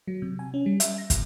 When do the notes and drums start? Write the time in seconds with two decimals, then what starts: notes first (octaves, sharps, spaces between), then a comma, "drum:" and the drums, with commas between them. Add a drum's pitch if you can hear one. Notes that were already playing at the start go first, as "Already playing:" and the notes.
0.08 F#3
0.22 C3
0.39 G#5
0.54 C#4
0.66 G3
0.80 E5, drum: hi-hat
0.98 A#6
1.10 A#2, drum: kick, hi-hat